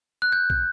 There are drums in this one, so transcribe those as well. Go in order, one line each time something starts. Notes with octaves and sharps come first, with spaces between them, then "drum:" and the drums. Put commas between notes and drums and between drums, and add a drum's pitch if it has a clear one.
F#6
G6
drum: kick